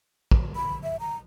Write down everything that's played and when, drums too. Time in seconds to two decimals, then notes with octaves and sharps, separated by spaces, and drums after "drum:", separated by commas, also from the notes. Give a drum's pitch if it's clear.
0.31 drum: kick
0.56 B5
0.83 E5
1.00 A#5